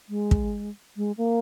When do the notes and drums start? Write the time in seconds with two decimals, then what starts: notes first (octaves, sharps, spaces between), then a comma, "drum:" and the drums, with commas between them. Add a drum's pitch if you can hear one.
0.09 G#3
0.31 drum: kick
0.97 G#3
1.17 A#3